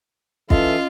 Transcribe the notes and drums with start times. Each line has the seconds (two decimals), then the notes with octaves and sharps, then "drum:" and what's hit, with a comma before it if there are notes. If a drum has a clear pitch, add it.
0.50 E3 C#4 F4 A4 D#5 E5, drum: kick